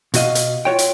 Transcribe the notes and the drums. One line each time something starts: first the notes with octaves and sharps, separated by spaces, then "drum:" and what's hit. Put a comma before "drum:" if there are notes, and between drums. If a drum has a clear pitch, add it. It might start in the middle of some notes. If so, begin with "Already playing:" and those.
B2 F#4 D#5 F5, drum: hi-hat
drum: hi-hat
F4 F#4 C#5 G5
drum: hi-hat